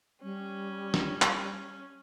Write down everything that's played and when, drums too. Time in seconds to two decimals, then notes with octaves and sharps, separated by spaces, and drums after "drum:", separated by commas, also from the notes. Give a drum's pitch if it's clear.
0.23 G3 C#4
0.94 drum: snare
1.22 drum: clap